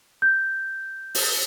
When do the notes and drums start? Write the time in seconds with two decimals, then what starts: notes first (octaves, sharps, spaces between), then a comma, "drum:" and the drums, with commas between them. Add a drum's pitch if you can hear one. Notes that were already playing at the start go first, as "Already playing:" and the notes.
0.22 G6
1.15 drum: open hi-hat